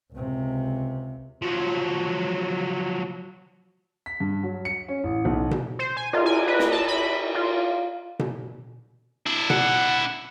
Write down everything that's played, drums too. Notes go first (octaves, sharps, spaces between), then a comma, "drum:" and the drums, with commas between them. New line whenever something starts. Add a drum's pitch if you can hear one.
C#2 C3
F3 F#3
B6
G2
F#3
C#7
C#4
A1
B1
drum: tom B2
C5
G#5
F4, drum: cymbal
G#5
B4
drum: snare
A5
B5
F4
drum: tom B2
D4 E4
F#5, drum: tom B2